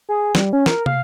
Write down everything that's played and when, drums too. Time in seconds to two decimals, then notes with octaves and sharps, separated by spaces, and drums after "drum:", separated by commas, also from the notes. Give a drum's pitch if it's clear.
0.09 G#4
0.35 G3, drum: snare
0.53 C#4
0.66 A#4, drum: snare
0.86 F5, drum: tom